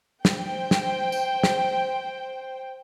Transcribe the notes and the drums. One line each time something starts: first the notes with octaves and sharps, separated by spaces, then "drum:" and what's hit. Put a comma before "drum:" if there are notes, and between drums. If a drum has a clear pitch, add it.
C5 G5, drum: snare
drum: snare
drum: tambourine
drum: snare